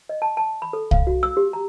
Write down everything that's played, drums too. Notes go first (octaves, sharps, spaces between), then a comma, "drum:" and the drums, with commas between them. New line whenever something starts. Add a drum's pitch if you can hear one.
D#5
A5
A5
B5
A4
F5, drum: kick C2
F#4
E6
G4
A#5